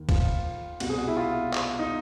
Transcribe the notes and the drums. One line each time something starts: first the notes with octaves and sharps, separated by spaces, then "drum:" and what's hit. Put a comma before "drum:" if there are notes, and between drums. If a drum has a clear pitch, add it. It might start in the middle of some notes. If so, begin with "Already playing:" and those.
Already playing: D#2 D#3
F4, drum: kick, cymbal
C2 B2 F#4, drum: cymbal
G#4
F#4
E4
F4
drum: clap
D#4